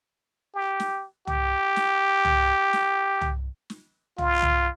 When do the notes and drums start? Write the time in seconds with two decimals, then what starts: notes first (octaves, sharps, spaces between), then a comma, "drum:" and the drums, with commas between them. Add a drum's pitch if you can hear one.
0.55 G4
0.80 drum: snare
1.27 G4, drum: tom
1.76 drum: snare
2.25 drum: tom
2.73 drum: snare
3.21 drum: tom
3.70 drum: snare
4.18 F4, drum: tom
4.42 drum: tom